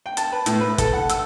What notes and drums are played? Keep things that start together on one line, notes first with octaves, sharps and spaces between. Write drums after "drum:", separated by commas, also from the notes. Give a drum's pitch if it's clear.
G5
A5, drum: hi-hat
B4
A2, drum: hi-hat
B4
A4, drum: kick, hi-hat
F#5
E6, drum: hi-hat